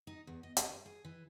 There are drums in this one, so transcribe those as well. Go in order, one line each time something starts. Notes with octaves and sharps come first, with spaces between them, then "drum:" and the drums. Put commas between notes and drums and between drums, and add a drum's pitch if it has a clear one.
D#4
E2
D#5
C#4, drum: hi-hat
G2
G#4
E3